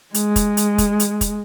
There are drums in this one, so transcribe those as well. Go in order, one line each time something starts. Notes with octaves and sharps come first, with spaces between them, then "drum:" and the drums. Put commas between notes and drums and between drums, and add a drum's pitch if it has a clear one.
G#3, drum: hi-hat
drum: kick, hi-hat
drum: hi-hat
drum: kick, hi-hat
drum: hi-hat
drum: kick, hi-hat